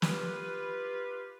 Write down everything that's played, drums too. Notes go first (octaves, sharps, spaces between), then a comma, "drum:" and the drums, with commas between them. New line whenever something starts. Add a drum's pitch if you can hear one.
F4 G4 B4, drum: snare